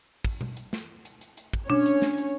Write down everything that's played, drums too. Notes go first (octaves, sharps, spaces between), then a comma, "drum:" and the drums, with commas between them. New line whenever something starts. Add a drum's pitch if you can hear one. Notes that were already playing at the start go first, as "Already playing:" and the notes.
drum: kick, open hi-hat
drum: tom B2
drum: hi-hat
drum: snare
drum: hi-hat
drum: hi-hat
drum: hi-hat
drum: kick
C#4 D4 C#5, drum: tom B2
drum: hi-hat
drum: snare
drum: hi-hat